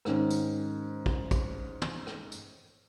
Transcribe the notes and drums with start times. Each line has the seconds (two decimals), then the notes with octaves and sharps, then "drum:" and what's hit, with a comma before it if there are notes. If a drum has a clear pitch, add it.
0.05 G#2 D#3 C#4, drum: rim click
0.30 drum: tambourine
1.06 drum: kick
1.31 drum: kick, tambourine
1.81 drum: tom
2.07 drum: rim click
2.32 drum: tambourine